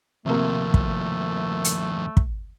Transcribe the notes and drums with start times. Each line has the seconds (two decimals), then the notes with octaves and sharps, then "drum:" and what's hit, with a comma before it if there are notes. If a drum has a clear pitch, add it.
0.26 D#2 C3 F3 A3 A#3
0.74 drum: kick
1.64 drum: hi-hat
2.17 drum: kick